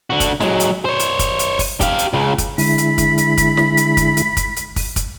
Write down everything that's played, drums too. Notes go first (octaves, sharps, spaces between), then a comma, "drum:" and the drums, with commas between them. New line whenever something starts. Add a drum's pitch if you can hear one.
D3 F#4
drum: kick, hi-hat
F#3 G#3, drum: snare
drum: hi-hat
C5 C#5
drum: hi-hat
drum: kick, hi-hat
drum: hi-hat
drum: kick, open hi-hat
G4 F5, drum: kick, hi-hat
drum: hi-hat
C#2 C#3
drum: kick, hi-hat
D3 G#3 E4 B5, drum: open hi-hat
drum: hi-hat
drum: kick, hi-hat
drum: hi-hat
drum: kick, hi-hat
drum: snare
drum: hi-hat
drum: kick, hi-hat
drum: hi-hat
drum: kick, hi-hat
drum: hi-hat
drum: kick, open hi-hat
drum: kick, hi-hat